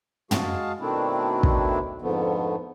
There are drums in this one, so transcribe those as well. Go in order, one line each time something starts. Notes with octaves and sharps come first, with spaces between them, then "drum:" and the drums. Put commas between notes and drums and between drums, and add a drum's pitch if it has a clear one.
G#3 F#4 G#4 F5 A5, drum: tom
B2 D#3 A3 C4 D4 E4
drum: kick
F2 G#2 D3 F3 A3 B3